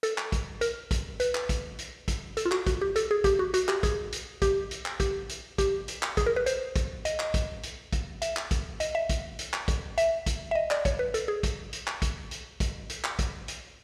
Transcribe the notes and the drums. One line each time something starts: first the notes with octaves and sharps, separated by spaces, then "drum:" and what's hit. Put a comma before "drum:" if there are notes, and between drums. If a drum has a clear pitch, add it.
A4, drum: hi-hat
drum: clap
drum: kick, hi-hat
A#4, drum: hi-hat
drum: kick, hi-hat
B4, drum: hi-hat
drum: clap
drum: kick, hi-hat
drum: hi-hat
drum: kick, hi-hat
A4, drum: hi-hat
F4
F#4, drum: clap
F#4, drum: kick, hi-hat
G4
A4, drum: hi-hat
G#4
G4, drum: kick, hi-hat
F#4
F#4, drum: hi-hat
G4, drum: clap
G#4, drum: kick, hi-hat
drum: hi-hat
G4, drum: kick, hi-hat
drum: hi-hat
drum: clap
G4, drum: kick, hi-hat
drum: hi-hat
G4, drum: kick, hi-hat
drum: hi-hat
drum: clap
G#4, drum: kick, hi-hat
A#4
B4
C5, drum: hi-hat
drum: kick, hi-hat
D#5, drum: hi-hat
drum: clap
drum: kick, hi-hat
drum: hi-hat
drum: kick, hi-hat
E5, drum: hi-hat
drum: clap
drum: kick, hi-hat
D#5, drum: hi-hat
E5
drum: kick, hi-hat
drum: hi-hat
drum: clap
drum: kick, hi-hat
E5, drum: hi-hat
drum: kick, hi-hat
E5
D#5
D5, drum: clap
C#5, drum: kick, hi-hat
B4
A4, drum: hi-hat
G#4
drum: kick, hi-hat
drum: hi-hat
drum: clap
drum: kick, hi-hat
drum: hi-hat
drum: kick, hi-hat
drum: hi-hat
drum: clap
drum: kick, hi-hat
drum: hi-hat